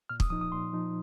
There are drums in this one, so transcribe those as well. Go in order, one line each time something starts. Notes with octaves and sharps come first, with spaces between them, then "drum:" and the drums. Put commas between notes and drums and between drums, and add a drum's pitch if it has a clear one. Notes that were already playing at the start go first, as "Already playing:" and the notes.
A#2 F6
D#6, drum: kick
F3 D#4 D#6
D#6
A#2 C6
F3 D#4